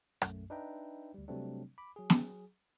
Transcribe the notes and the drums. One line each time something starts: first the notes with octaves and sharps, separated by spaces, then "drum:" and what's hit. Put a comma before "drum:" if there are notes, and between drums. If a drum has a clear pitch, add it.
B1 F#2 A3, drum: rim click
D4 D#4 B4 E5 G5 A#5
D2 G3
C3 F#3 G3 A3 C4 D4
B5 D6
F#3 G#4
drum: snare